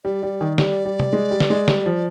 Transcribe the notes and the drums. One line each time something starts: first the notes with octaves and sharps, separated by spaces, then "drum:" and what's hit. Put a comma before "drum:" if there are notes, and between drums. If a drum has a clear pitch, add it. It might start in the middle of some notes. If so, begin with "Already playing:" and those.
G3 D5
G3
D#3
G3 D5, drum: snare
G3
drum: tom
G#3
G3
drum: snare
G#3
G3, drum: snare
F3